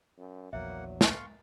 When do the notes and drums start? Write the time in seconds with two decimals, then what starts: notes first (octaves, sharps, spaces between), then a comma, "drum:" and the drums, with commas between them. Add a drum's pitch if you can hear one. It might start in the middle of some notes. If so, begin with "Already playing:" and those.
0.18 F#2
0.53 A#1 E2 F#3 A#3 E5 F#5
1.01 F5 C6 C#6 A6, drum: snare